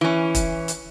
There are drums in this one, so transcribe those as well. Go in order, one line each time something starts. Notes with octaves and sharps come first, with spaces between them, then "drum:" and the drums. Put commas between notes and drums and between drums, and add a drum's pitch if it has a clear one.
E3 C#4
drum: kick E1, hi-hat
drum: hi-hat